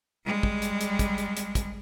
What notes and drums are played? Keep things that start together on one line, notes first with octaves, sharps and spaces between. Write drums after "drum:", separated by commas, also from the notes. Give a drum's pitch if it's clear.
G3 G#3
drum: kick
drum: hi-hat
drum: hi-hat
drum: kick, hi-hat
drum: hi-hat
drum: hi-hat
drum: kick, hi-hat